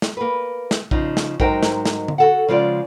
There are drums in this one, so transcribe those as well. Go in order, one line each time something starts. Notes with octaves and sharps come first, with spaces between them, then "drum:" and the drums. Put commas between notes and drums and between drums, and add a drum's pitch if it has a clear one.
drum: snare
A#3 B4
drum: snare
C#3 F3 D#4, drum: kick A#1
drum: snare
G#2 F#3 D#4 A#4 C5 G5, drum: kick A#1
drum: snare
drum: snare
drum: tom D3
F#4 A4 F#5
C#3 F3 G#3 F4 D5